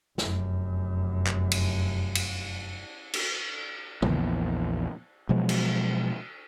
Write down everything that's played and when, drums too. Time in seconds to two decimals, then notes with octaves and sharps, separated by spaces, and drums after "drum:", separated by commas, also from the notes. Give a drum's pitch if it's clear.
0.18 F1 F#2, drum: snare
1.27 drum: clap
1.52 drum: cymbal
2.15 drum: cymbal
3.14 drum: cymbal
4.02 A#1 E2, drum: tom
5.29 B2 F3 F#3 G#3
5.49 drum: cymbal